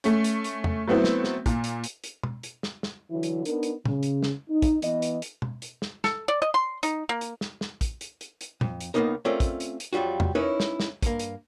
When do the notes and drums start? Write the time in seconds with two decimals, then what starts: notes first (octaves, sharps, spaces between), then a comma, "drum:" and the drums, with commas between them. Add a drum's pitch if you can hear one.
0.04 A3 C#4, drum: hi-hat
0.24 drum: hi-hat
0.44 drum: hi-hat
0.64 drum: tom E2
0.87 F#3 A3 B3 C4 E4
1.04 drum: snare
1.24 drum: snare
1.46 A#2, drum: kick, hi-hat
1.64 drum: hi-hat
1.84 drum: hi-hat
2.04 drum: hi-hat
2.23 drum: tom B2
2.43 drum: hi-hat
2.63 drum: snare
2.83 drum: snare
3.10 D3 E3 F#3 E4
3.23 drum: hi-hat
3.45 B3 D4 D#4 A#4, drum: hi-hat
3.63 drum: hi-hat
3.85 C#3, drum: tom
4.03 drum: hi-hat
4.23 drum: snare
4.50 D#4
4.62 drum: kick, hi-hat
4.82 E3 B3 D#5, drum: hi-hat
5.02 drum: hi-hat
5.22 drum: hi-hat
5.42 drum: tom B2
5.62 drum: hi-hat
5.82 drum: snare
6.04 A4, drum: snare
6.28 D5
6.42 D#5
6.54 C6
6.83 D#4, drum: hi-hat
7.09 A#3
7.21 drum: hi-hat
7.41 drum: snare
7.61 drum: snare
7.81 drum: kick, hi-hat
8.01 drum: hi-hat
8.21 drum: hi-hat
8.41 drum: hi-hat
8.61 F2, drum: tom
8.81 drum: hi-hat
8.94 C#2 A#2 A#3 B3 D#4 A#4
9.25 A3 C4 C#4 F4 A#4 D5
9.40 drum: kick, hi-hat
9.60 drum: hi-hat
9.80 drum: hi-hat
9.93 F2 F#3 G3 F4 F#4
10.20 drum: tom E2
10.35 C#4 D#4 E4 A#4 B4 C#5
10.60 drum: snare
10.80 drum: snare
11.02 G2 A#3, drum: kick, hi-hat
11.19 drum: hi-hat